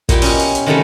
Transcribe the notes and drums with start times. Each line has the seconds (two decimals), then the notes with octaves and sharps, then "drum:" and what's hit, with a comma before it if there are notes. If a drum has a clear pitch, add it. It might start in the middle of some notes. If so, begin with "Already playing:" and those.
0.09 A#2 A#3 E4 G4 G5, drum: kick, hi-hat
0.22 B2 C#4, drum: open hi-hat
0.39 drum: hi-hat
0.55 drum: hi-hat
0.66 C3 D#3 F#3 G3 A3 C#4